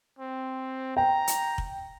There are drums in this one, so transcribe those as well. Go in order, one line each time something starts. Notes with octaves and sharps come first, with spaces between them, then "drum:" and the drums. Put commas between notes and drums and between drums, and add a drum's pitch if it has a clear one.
C4
G5 A#5
drum: hi-hat
drum: kick F1